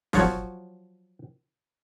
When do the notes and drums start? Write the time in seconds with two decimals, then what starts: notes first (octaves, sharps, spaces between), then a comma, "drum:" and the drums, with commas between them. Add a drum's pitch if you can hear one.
0.13 F3 F#3 C#5, drum: snare